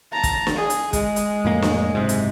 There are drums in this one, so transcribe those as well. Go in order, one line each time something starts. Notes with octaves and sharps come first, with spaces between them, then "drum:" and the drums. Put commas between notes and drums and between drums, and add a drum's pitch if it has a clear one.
A5 A#5
drum: kick, hi-hat
drum: snare
G#4
drum: hi-hat
G#3, drum: kick, hi-hat
drum: hi-hat
F2 A2 A#3
drum: snare
F#1 G#2 C3
drum: hi-hat